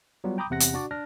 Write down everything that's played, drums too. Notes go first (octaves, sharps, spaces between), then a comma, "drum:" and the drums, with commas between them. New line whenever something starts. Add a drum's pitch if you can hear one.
F#3 G3 B3 F4
G5 A#5 B5 D6 D#6 G6
E2 C3 F#5 A#6
drum: hi-hat
D4 F#4 D5
D4 F6 A#6